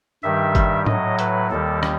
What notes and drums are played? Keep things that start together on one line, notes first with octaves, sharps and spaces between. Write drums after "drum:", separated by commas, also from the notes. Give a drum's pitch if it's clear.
G2 D#3 G3 E5
drum: kick G1, hi-hat
A2 F#3 D#5, drum: tom G#2
B4, drum: hi-hat
D#2 D#3 G3 A4
drum: rim click